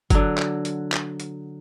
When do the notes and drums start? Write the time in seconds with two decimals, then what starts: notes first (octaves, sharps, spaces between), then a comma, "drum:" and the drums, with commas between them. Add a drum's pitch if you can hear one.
0.10 D3 F#3, drum: kick, hi-hat
0.38 drum: clap
0.65 drum: hi-hat
0.92 drum: clap
1.20 drum: hi-hat